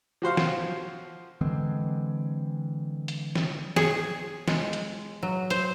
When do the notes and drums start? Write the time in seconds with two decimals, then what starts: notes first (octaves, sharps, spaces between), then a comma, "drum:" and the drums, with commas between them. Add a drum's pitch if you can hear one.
0.22 F3 F#4 C5 F5
0.37 drum: snare
1.41 D3 E3 G#3 C4
3.08 drum: hi-hat
3.35 drum: snare
3.76 G#4, drum: snare
4.48 G#3, drum: snare
4.73 drum: hi-hat
5.23 F#3
5.50 C5, drum: hi-hat